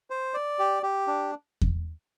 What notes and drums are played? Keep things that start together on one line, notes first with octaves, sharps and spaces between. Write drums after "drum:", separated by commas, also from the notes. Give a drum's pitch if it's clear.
C5
D5
G4
G4
D4
drum: kick E2